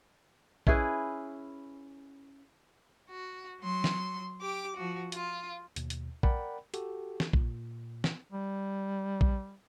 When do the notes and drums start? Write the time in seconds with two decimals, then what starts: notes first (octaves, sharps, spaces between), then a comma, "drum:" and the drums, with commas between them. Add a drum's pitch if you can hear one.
0.67 C#4 E4 G#4 B4, drum: kick A#1
3.08 F#4
3.61 F#3 C6
3.84 drum: snare
4.41 G4 D6
4.76 F3 F#4
5.12 F4, drum: hi-hat
5.76 D#2 B2, drum: hi-hat
5.90 drum: hi-hat
6.23 A#4 D5 F#5 G5 B5, drum: kick A#1
6.74 F#4 G4 A4, drum: hi-hat
7.20 drum: snare
7.33 A#2, drum: kick A#1
8.04 drum: snare
8.32 G3
9.21 drum: kick A#1